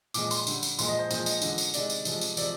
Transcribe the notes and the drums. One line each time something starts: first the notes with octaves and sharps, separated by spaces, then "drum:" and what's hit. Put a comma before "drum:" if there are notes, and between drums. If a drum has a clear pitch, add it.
A#2 F3 G#3 D6, drum: tambourine
C6, drum: tambourine
D3 G3, drum: tambourine
drum: tambourine
A#2 F3 G#3 C6, drum: tambourine
D#5
C5
A#2 F3 G#3 C5, drum: tambourine
D#5, drum: tambourine
D3 F3 G#3 D#5, drum: tambourine
drum: tambourine
C3 D#3 G#3 D5, drum: tambourine
drum: tambourine
C3 F3 G#3, drum: tambourine
drum: tambourine
C3 F3 G#3 D5, drum: tambourine